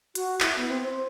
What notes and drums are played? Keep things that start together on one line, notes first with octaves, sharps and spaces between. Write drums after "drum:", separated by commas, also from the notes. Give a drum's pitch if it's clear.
F#4, drum: hi-hat
E4, drum: clap
B3
C4
C5